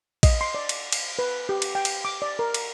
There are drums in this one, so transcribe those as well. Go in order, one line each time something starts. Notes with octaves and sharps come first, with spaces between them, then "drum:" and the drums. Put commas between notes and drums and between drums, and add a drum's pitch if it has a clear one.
D#5, drum: kick A#1, cymbal
C6
D5
drum: cymbal
drum: cymbal
B4
G4
drum: cymbal
G5
drum: cymbal
D6
D5
A#4
drum: cymbal